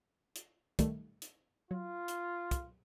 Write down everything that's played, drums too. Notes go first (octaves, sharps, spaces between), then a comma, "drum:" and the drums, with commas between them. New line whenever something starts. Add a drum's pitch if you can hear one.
drum: hi-hat
D#3 G3 A3, drum: kick, hi-hat
drum: hi-hat
F#3 F4
drum: hi-hat
drum: kick, hi-hat